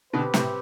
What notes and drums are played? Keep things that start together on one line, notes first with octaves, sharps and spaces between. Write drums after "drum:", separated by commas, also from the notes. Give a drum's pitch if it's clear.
B2 D3 C4 G4 B4
A2 C3, drum: snare